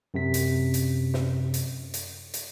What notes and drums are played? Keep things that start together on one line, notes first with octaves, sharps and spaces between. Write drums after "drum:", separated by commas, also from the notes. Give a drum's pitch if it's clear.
F#2 C3 B6
drum: hi-hat
drum: hi-hat
drum: snare
drum: hi-hat
drum: hi-hat
drum: hi-hat